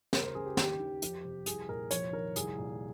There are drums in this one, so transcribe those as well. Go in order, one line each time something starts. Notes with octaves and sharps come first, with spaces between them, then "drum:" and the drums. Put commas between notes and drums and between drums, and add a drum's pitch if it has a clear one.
C#2 A#4, drum: snare
C5
C#3 G#4
G4
D#2 G4, drum: snare
D#3
F2, drum: hi-hat
C3
C2 G#4, drum: hi-hat
A#2 A#4
F2 C#5, drum: hi-hat
D#3 A#4
C2 G#4, drum: hi-hat
A#2